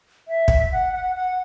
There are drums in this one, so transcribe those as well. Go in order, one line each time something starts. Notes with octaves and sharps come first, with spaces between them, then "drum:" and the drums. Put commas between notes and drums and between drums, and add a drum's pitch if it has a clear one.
E5
drum: kick
F#5
F#5
F#5